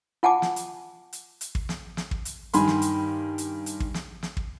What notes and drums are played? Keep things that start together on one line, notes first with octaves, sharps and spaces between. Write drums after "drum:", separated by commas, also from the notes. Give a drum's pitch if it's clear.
F4 F#5 G#5 A5 D6
drum: snare
drum: hi-hat
drum: hi-hat
drum: hi-hat
drum: kick
drum: snare
drum: snare
drum: kick
drum: hi-hat
G2 D#3 G#5 B5 C6, drum: hi-hat
drum: snare
drum: hi-hat
drum: hi-hat
drum: hi-hat
drum: kick
drum: snare
drum: snare
drum: kick